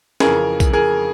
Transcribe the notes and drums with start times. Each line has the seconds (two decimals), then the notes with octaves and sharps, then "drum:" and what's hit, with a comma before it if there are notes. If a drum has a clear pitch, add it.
0.20 F2 C#3 E3 G#4 A#4, drum: snare
0.60 drum: kick, tambourine
0.73 G#4 A#4